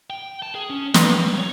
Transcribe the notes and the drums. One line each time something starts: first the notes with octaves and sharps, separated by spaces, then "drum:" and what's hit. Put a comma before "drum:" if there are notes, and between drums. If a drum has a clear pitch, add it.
G5
A5
G#4
C#4
B4, drum: snare
A#3
G3
C#5